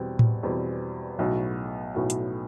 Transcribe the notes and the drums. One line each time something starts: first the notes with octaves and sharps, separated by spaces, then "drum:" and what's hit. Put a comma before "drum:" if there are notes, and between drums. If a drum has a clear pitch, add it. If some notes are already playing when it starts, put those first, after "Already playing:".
Already playing: E2 B2 G3 C4
drum: tom A2
E2 B2 G3 C4
B1 A2 F#3 B3 F#4
B1 A2 F#3 B3 F#4
drum: hi-hat